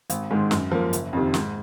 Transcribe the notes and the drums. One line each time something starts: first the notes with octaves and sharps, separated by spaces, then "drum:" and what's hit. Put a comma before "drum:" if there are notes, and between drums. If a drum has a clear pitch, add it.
G#1, drum: hi-hat
G#2 D#3 G#3
F#2, drum: snare
F3 A#3
F#1, drum: hi-hat
F2 C3 D#3
G#2, drum: snare